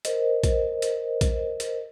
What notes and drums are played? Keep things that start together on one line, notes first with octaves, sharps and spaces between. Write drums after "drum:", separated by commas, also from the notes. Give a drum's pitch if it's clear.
A#4 C5 D#5, drum: hi-hat
drum: kick A#1, hi-hat
drum: hi-hat
drum: kick A#1, hi-hat
drum: hi-hat